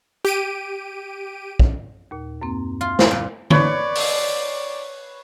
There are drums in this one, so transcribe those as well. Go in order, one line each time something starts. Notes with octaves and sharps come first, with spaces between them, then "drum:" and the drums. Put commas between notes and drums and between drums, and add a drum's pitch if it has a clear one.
G4 D7 D#7
drum: kick
D#2 A#2
F#2 A#3 C4
F4
D3 G3 C5, drum: snare
A#2
B4 C#5 D5, drum: tom D3
drum: open hi-hat